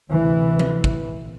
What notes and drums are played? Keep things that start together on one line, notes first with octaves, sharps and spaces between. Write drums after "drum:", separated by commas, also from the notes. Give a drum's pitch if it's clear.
D2 C3 E3
drum: tom E3
drum: kick